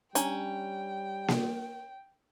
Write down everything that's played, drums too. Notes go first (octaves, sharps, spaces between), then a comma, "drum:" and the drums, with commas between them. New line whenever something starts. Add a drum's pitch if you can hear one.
G3 C#4 D4 G5 A#5, drum: hi-hat
drum: snare A#3